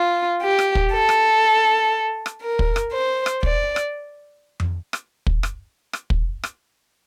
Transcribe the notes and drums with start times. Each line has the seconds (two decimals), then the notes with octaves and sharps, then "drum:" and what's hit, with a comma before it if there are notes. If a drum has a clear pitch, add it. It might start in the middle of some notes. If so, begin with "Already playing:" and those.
Already playing: F4
0.42 G4
0.59 drum: rim click
0.75 drum: kick
0.92 A4
1.09 drum: rim click
2.26 drum: rim click
2.42 A#4
2.59 drum: kick
2.76 drum: rim click
2.92 C5
3.26 drum: rim click
3.43 D5, drum: kick
3.76 drum: rim click
4.60 drum: tom F2
4.93 drum: rim click
5.27 drum: kick
5.43 drum: rim click
5.93 drum: rim click
6.10 drum: kick
6.43 drum: rim click